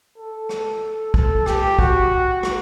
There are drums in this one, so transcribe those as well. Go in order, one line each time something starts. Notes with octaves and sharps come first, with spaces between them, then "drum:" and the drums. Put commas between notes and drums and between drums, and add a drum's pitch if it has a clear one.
A4
drum: rim click
A4, drum: kick
G4, drum: rim click
F#4, drum: kick
drum: rim click